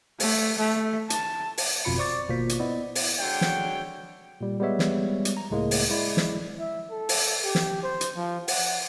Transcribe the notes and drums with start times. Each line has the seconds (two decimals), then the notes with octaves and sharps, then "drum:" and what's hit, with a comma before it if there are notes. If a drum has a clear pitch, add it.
0.20 A3, drum: open hi-hat
0.58 A3
1.10 A5, drum: hi-hat
1.58 drum: open hi-hat
1.84 G1 F2 B2 F4 B5 C#7
1.98 C5 D5 C#6 D6 A6
2.29 G#1 B2 A#3 F4 C5 B6
2.49 drum: hi-hat
2.59 B3 E4 D5 D#5
2.95 drum: open hi-hat
3.20 D3 G#3 F#4 C#5 G5
3.41 drum: snare
4.41 A#2 G3
4.60 G3 G#3 B3 C#5 E5
4.79 drum: snare
5.25 drum: hi-hat
5.37 A#5
5.51 C#2 A2 G#3 A#3
5.71 drum: open hi-hat
5.90 G#3 E4 D5
6.17 drum: snare
6.59 E5
6.91 A4
7.09 drum: open hi-hat
7.44 G4
7.55 drum: snare
7.83 C5
8.01 drum: hi-hat
8.16 F3
8.48 F#5, drum: open hi-hat